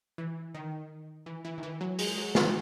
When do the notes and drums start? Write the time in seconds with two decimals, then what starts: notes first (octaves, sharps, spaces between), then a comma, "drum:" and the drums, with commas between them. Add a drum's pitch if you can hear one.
0.18 E3
0.54 D#3
1.26 E3
1.45 E3
1.58 D#3
1.63 E3
1.81 F#3
1.99 G#3, drum: open hi-hat
2.12 G#3
2.17 F#3
2.35 D#3, drum: snare